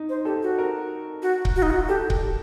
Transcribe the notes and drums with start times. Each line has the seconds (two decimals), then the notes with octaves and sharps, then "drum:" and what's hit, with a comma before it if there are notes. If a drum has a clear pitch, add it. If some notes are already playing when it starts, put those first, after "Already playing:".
Already playing: D#4
0.09 C5
0.25 G4 A4
0.43 F#4
0.58 A#4
1.23 F#4
1.45 drum: kick C#1
1.56 F#4
1.62 D#4
1.70 F#4
1.88 G4 A4
2.10 drum: kick C#1